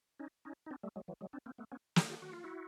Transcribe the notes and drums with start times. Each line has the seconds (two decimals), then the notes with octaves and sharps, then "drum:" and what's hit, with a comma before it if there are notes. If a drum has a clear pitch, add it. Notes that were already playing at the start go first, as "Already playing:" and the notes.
0.20 C#4 D#4
0.45 C#4 D#4
0.66 D#4
0.71 C4 D4
0.83 G3 A3
0.96 F#3 G#3
1.08 E3 F#3
1.21 F#3 G#3
1.33 C4 D4
1.46 A#3 C4
1.58 A3 B3
1.72 B3 C#4
1.96 F#4 G#4, drum: snare
2.09 F4 G4
2.22 F#4
2.33 F4
2.44 E4 F#4